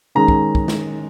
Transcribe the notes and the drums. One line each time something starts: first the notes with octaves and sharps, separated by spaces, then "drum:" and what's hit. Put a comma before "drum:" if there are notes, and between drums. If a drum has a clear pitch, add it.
D#3 G#3 C#4 A#5
drum: kick
drum: kick
drum: snare